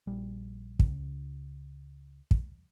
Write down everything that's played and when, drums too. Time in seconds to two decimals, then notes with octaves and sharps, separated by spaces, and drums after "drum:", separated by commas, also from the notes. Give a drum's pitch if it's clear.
0.07 A#1 G3
0.79 C#2, drum: kick
2.31 drum: kick